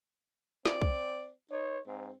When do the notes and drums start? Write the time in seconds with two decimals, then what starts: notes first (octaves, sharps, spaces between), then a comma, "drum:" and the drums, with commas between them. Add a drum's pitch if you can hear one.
0.65 C4 D5, drum: snare
0.81 drum: kick
1.51 D#4 C#5
1.87 G#2 C4